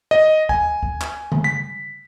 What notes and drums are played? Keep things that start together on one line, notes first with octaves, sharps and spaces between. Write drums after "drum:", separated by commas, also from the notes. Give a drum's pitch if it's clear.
D#5
G#5, drum: kick
drum: kick
drum: clap
drum: tom C#3
B6